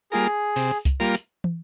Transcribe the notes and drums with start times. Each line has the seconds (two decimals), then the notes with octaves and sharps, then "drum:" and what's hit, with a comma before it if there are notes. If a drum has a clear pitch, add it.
0.12 G3 A#3 F4 G#4 A#4
0.56 C3, drum: open hi-hat
0.85 drum: kick C2, hi-hat
1.00 G3 A#3 F4 A#4
1.15 drum: hi-hat
1.44 drum: tom